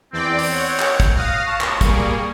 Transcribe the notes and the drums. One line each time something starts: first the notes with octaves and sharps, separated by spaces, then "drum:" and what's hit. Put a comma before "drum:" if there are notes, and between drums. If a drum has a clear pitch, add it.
E2 C4 D5 G5
drum: open hi-hat
C#5 F#5
drum: clap
drum: kick, hi-hat
F#4 F5 D#6 F6
A5 C#6
drum: clap
G3 A#3 G#4, drum: kick, hi-hat